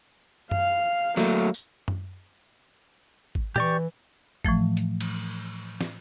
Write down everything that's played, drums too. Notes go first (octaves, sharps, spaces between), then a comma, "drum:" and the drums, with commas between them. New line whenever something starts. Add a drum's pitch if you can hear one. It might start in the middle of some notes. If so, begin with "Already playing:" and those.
F5, drum: tom F#2
F#3 A3 A#3, drum: snare
drum: tambourine
drum: tom F#2
drum: kick G#1
E3 G4 D5 C#6, drum: tom
A2 E3 F3 A3, drum: kick G#1
drum: hi-hat
drum: cymbal
drum: snare